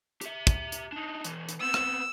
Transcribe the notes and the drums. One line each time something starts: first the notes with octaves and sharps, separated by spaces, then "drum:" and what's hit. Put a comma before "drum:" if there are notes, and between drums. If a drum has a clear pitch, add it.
G4 E5, drum: hi-hat
drum: kick, hi-hat
drum: hi-hat
D4 D#4
E3 G#3, drum: hi-hat
drum: hi-hat
B3 C4 E6
drum: rim click